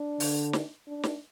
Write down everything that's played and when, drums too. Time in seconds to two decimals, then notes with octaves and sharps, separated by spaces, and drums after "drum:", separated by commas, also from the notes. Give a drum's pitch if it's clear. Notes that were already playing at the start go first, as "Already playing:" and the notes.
Already playing: D4
0.20 D3, drum: open hi-hat
0.53 drum: snare
0.87 D4
1.03 drum: snare